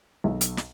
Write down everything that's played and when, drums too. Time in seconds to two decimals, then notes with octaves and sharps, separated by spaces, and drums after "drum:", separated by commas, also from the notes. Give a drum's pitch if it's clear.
0.24 B1
0.41 drum: hi-hat
0.57 drum: snare